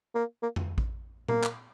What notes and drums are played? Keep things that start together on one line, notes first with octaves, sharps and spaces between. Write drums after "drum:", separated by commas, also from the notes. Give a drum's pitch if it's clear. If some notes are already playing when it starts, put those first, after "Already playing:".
A#3
A#3
drum: tom F2
drum: kick A1
A#3, drum: tom A#2
drum: clap